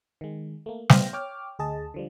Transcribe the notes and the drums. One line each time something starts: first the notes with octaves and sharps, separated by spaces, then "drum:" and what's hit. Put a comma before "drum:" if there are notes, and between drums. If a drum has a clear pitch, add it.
D#3 G#3
A3 A#3
B3 C5 E5 G5 F6 A#6, drum: snare
C#5 G5 D6 F6
D2 G#4 D#5 A5
D3 F3 G3